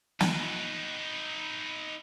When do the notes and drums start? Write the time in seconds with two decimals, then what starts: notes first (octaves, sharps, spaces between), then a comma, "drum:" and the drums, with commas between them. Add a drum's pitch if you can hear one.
0.20 D#4 B4, drum: snare